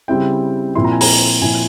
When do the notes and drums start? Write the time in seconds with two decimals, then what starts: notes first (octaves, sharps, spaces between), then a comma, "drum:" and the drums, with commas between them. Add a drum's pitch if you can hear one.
0.08 C#3 G3 C4 E4 G5
0.75 A#2 F3 C4 E4 C6
0.84 A#5
0.92 G#5
1.01 A#5, drum: open hi-hat
1.42 A#2 F3 C4 E4 G#5